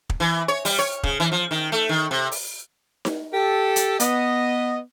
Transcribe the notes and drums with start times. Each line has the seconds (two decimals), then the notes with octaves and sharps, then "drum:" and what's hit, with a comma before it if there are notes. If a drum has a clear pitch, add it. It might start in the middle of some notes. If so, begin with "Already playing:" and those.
0.10 drum: kick
0.20 E3
0.48 C#5
0.65 G3, drum: open hi-hat
0.79 C#5
1.03 C#3, drum: kick
1.20 E3
1.32 F3
1.51 D#3
1.72 A3
1.89 D#3
2.11 C3
2.32 drum: open hi-hat
3.05 drum: snare D#4
3.33 G4 A4
3.76 drum: hi-hat
4.00 B3 D#5, drum: hi-hat